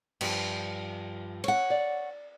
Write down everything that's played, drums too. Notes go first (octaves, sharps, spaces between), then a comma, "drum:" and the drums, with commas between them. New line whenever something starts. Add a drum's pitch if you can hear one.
G2 F3, drum: cymbal
C#5 F#5, drum: cymbal
D5